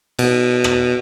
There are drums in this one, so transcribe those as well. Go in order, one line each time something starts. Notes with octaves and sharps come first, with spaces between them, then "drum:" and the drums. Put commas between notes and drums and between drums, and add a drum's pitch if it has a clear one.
B2, drum: cymbal
drum: rim click